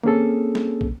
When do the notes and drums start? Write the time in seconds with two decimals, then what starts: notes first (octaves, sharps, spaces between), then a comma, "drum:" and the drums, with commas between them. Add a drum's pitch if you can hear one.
0.03 A#3 C4 C#4 G#4 A4, drum: tom D#3
0.55 drum: snare
0.81 drum: kick